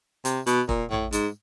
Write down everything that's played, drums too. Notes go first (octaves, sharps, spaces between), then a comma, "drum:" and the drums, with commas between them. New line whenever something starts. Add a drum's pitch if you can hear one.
C3, drum: hi-hat
B2, drum: hi-hat
A#2, drum: kick
A2, drum: tom A1
G#2, drum: hi-hat